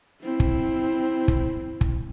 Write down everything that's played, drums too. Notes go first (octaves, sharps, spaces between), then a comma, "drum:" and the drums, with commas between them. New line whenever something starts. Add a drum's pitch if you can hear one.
C4 E4
drum: kick
drum: kick
drum: kick